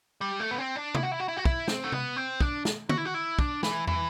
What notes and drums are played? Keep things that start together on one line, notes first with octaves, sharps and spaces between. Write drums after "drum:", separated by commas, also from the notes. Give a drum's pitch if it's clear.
G3
A3
B3
C4
D4
E4, drum: tom
F#4
E4
F#4
E4
F#4
E4, drum: kick
C4, drum: snare
A3
B3, drum: tom C3
C4
D4, drum: kick
drum: snare
F#4, drum: tom
E4
F#4
E4
D4, drum: kick
E3, drum: snare
E3, drum: tom